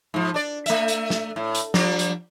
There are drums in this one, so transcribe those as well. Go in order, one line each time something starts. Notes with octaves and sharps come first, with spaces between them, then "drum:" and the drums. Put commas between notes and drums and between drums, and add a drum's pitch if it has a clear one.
G#2 F3
D4 D5
A3 E5, drum: hi-hat
drum: hi-hat
drum: snare
A2
drum: hi-hat
F3 G3 D4, drum: snare
drum: hi-hat